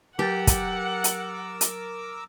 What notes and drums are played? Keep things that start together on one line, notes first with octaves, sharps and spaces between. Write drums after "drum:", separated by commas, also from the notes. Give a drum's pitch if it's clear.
F#3 G4 A#4 F#5 D6 E6 A6
drum: kick, hi-hat
drum: hi-hat
drum: hi-hat